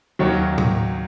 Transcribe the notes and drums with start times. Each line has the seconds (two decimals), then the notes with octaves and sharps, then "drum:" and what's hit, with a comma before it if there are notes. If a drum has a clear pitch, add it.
0.19 D#2 D#3 F#3 C#5
0.58 drum: tom A2